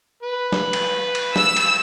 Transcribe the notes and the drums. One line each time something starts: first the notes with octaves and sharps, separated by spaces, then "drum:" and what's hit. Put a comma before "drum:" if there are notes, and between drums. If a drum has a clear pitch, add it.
B4 B5
drum: snare
drum: cymbal
drum: cymbal
E6, drum: snare
drum: cymbal